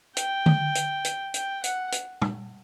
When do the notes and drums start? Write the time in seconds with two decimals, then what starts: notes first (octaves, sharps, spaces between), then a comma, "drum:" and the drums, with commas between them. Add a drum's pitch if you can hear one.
0.17 G5, drum: hi-hat
0.46 drum: tom D3
0.75 drum: hi-hat
1.04 drum: hi-hat
1.34 G5, drum: hi-hat
1.64 F#5, drum: hi-hat
1.92 drum: hi-hat
2.22 drum: tom